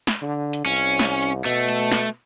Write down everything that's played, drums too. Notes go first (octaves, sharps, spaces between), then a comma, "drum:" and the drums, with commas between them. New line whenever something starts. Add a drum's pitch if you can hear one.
drum: snare
D3
drum: hi-hat
C2 C#4
drum: hi-hat
drum: snare
drum: hi-hat
B2 A3, drum: hi-hat
drum: hi-hat
drum: snare